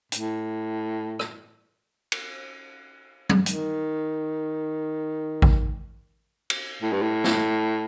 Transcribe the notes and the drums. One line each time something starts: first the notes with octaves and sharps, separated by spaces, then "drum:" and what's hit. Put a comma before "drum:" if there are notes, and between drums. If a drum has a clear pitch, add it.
A2, drum: hi-hat
drum: rim click
drum: cymbal
drum: tom
D#3, drum: hi-hat
drum: kick A1
drum: cymbal
A2
G2
A2
drum: snare